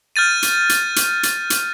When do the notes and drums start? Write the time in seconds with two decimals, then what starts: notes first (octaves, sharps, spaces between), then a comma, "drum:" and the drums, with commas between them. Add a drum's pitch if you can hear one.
0.16 F6 G6 A6 D#7
0.42 drum: hi-hat
0.69 drum: hi-hat
0.96 drum: hi-hat
1.23 drum: hi-hat
1.50 drum: hi-hat